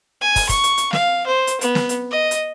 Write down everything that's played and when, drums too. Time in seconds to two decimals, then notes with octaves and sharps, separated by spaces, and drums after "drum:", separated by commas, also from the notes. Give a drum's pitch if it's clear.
0.21 G#5
0.36 drum: kick, open hi-hat
0.49 C#6, drum: kick, hi-hat
0.64 drum: hi-hat
0.78 drum: hi-hat
0.93 F5, drum: snare
1.27 C5
1.47 drum: hi-hat
1.61 B3, drum: hi-hat
1.75 drum: snare
1.89 drum: hi-hat
2.11 D#5
2.31 drum: hi-hat